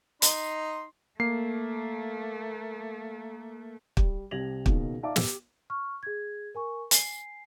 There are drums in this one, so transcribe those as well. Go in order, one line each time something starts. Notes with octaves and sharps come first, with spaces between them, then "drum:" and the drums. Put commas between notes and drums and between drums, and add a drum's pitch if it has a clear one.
D#4 C6, drum: hi-hat
A3 A#3 C7
G3, drum: kick
C2 C3 G#6 A#6 F7 F#7
C#2 B2 D#3 A#3, drum: kick
D#4 D5 E5 F5 A5 D6
G4 E6, drum: snare
C#6 F6
G#4 G#6
A#4 G#5 C#6
G#5 C7, drum: hi-hat